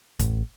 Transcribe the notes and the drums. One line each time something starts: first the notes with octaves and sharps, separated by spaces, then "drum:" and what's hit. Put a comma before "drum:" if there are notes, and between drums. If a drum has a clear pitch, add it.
A1, drum: kick, hi-hat